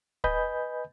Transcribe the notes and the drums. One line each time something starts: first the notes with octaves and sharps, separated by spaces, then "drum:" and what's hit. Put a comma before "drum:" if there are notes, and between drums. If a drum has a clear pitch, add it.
B4 D#5 G#5 B5 G6, drum: kick